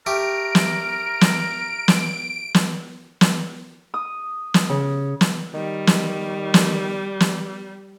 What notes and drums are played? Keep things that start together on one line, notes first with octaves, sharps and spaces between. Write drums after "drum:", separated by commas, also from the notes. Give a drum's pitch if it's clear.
A3 G4 A#4 D7
drum: snare
drum: snare
drum: snare
drum: snare
drum: snare
D#6
drum: snare
C#3
drum: snare
D#3 G3
drum: snare
drum: snare
drum: snare